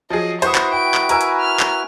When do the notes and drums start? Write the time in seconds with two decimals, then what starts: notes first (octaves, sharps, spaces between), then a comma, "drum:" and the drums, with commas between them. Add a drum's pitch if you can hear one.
0.10 F3 F#3 G#4 D#5
0.42 E4 F#4 B4 C5 C#6 D#6, drum: hi-hat
0.55 drum: clap
0.72 G5 D7
0.94 drum: clap
1.09 A#4 G#5 E6, drum: hi-hat
1.21 drum: hi-hat
1.40 F6
1.60 drum: clap